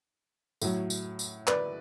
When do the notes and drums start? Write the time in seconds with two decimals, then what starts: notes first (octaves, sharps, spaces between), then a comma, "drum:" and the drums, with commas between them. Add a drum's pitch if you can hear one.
0.62 A2 F#3, drum: tambourine
0.90 drum: tambourine
1.19 drum: tambourine
1.48 B4 D5, drum: clap